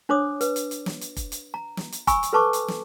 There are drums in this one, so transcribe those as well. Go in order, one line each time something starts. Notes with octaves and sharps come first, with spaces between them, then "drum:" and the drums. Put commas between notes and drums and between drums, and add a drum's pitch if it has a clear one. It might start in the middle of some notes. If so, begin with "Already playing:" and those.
D4 C5 C#5 D6 D#6
B4, drum: hi-hat
drum: hi-hat
drum: hi-hat
drum: snare
drum: hi-hat
drum: kick F1, hi-hat
drum: hi-hat
A#5
drum: snare
drum: hi-hat
G#5 B5 C#6 E6, drum: kick F1, hi-hat
drum: hi-hat
A4 B4 C5 A5 C#6 D6
drum: hi-hat
drum: snare